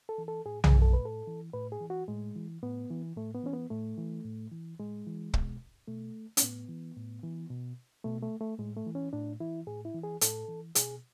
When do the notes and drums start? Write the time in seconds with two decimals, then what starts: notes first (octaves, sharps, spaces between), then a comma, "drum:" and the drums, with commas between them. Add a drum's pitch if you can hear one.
0.09 A4
0.18 E3
0.28 A4
0.46 A2 G#4
0.64 G#4, drum: tom B1
0.73 E3
0.82 A4
0.93 B4
1.00 A2
1.05 A4
1.27 E3
1.53 A2 B4
1.72 G#4
1.81 E3
1.90 F#4
2.08 A2 G#3
2.36 E3
2.62 A2 B3
2.90 E3
3.16 A2 A3
3.34 B3
3.43 E3 C#4
3.53 B3
3.70 A2 A3
3.97 E3
4.24 A2
4.52 E3
4.79 A2 G#3
5.07 E3
5.34 B2, drum: kick
5.87 B2 A3
6.37 C#4, drum: hi-hat
6.42 A2 B3
6.69 E3
6.97 A2
7.23 E3
7.50 B2
8.04 B2 A3
8.23 A3
8.41 A3
8.59 A2 G#3
8.77 A3
8.86 E3
8.95 C#4
9.13 A2 D4
9.40 E3 E4
9.67 A2 G#4
9.85 E4
9.94 E3
10.03 G#4
10.21 A2 A4, drum: hi-hat
10.48 E3
10.75 B2 G#4, drum: hi-hat